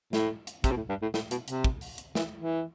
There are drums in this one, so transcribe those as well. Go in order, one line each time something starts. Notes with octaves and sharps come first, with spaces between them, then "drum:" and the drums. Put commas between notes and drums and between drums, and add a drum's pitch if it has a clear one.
A2, drum: snare
drum: hi-hat
C3, drum: kick, hi-hat
B2
A2
G2
A2
A2, drum: snare
B2, drum: hi-hat
C3, drum: hi-hat
drum: kick
drum: open hi-hat
drum: hi-hat
E3, drum: snare
E3